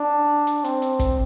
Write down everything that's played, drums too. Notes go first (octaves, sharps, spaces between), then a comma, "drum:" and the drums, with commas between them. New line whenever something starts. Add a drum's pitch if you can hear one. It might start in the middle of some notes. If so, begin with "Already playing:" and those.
Already playing: D4
drum: hi-hat
C4, drum: hi-hat
drum: hi-hat
drum: kick, hi-hat